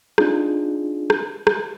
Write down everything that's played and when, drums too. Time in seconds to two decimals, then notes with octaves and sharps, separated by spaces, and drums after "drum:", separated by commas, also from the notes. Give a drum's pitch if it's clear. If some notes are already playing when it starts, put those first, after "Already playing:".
0.18 C4 D4 D#4 F4 G#4, drum: rim click
1.10 drum: rim click
1.47 drum: rim click